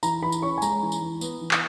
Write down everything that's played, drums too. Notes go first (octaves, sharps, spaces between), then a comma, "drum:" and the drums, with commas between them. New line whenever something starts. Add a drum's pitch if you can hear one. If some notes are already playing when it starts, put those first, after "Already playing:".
E3 A#5, drum: tambourine
E3 B5
drum: tambourine
C#4 C#6
G#5
G#3 A#5, drum: tambourine
E3
drum: tambourine
E3
B3, drum: tambourine
E3
drum: clap